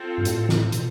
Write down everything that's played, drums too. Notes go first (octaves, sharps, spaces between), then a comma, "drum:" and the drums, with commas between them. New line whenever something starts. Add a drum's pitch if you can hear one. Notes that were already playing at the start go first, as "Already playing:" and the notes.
Already playing: C4 F4 A4
G2
A2, drum: hi-hat
drum: snare
B2, drum: hi-hat